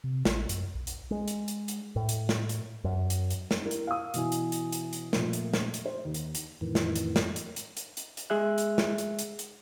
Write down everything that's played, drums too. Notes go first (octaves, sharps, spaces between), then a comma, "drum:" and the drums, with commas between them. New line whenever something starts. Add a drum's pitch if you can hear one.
C3
A1, drum: snare
F#2, drum: hi-hat
B1
drum: hi-hat
G#3
drum: hi-hat
drum: hi-hat
drum: hi-hat
A2
drum: hi-hat
drum: snare
drum: hi-hat
F#2
drum: hi-hat
drum: hi-hat
drum: snare
E4 A#4
drum: hi-hat
F5 D#6
B2 E3 G#5, drum: hi-hat
drum: hi-hat
drum: hi-hat
drum: hi-hat
drum: hi-hat
A#2 F3 A3, drum: snare
drum: hi-hat
drum: snare
drum: hi-hat
C5
D#2
drum: hi-hat
drum: hi-hat
F2 A2 D#3 E3
drum: snare
drum: hi-hat
drum: snare
drum: hi-hat
drum: hi-hat
drum: hi-hat
drum: hi-hat
drum: hi-hat
G#3 G#4 E5 F#6
drum: hi-hat
drum: snare
drum: hi-hat
drum: hi-hat
drum: hi-hat